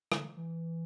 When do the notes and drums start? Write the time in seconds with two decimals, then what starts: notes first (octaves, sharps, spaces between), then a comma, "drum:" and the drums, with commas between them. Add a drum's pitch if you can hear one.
0.12 D3, drum: rim click
0.37 E3